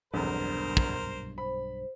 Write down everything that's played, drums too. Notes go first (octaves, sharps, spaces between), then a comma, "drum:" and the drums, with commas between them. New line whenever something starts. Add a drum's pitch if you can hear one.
F1 B1 E2 G2 D3 A#4 C5
drum: kick
C5 B5